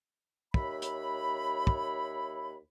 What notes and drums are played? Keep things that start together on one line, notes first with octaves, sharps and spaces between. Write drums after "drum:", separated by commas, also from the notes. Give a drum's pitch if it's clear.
D#2 C#5 E5 B5, drum: kick
drum: hi-hat
drum: kick